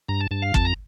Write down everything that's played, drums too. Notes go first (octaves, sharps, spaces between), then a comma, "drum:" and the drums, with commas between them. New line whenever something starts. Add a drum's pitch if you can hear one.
G2 A#5
A5
G2 A5
F5
F2 A5, drum: kick
A#5